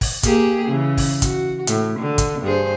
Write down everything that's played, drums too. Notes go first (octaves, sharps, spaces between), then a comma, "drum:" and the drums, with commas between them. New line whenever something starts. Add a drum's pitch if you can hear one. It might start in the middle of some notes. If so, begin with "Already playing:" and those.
drum: kick, open hi-hat
A#3 G4 G#4, drum: kick, hi-hat
C#3 E3
drum: kick, open hi-hat
F#4, drum: kick, hi-hat
A2, drum: hi-hat
D3
drum: kick, hi-hat
G2 G#4 C5